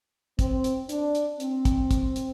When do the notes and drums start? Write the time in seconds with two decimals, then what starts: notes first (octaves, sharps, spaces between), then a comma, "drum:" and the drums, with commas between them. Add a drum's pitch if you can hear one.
0.39 C4, drum: kick, hi-hat
0.64 drum: hi-hat
0.89 D4, drum: hi-hat
1.15 drum: hi-hat
1.40 C4, drum: hi-hat
1.65 drum: kick, hi-hat
1.91 drum: kick, hi-hat
2.16 drum: hi-hat